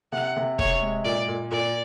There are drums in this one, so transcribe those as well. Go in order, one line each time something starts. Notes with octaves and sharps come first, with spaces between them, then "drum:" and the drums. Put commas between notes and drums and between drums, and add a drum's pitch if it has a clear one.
C3 F#5
C3
C3 C#5, drum: kick
G#3
A#2 D5
A#2
A#2 D5